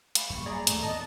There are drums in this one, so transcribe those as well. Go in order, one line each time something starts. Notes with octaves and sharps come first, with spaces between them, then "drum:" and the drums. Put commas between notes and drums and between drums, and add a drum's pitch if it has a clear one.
F5 B5, drum: hi-hat
F#2 G3 A#3 C#6
G#4 D5 A#5
D#2 A2 A3, drum: hi-hat
D#3 B3 D#5 A5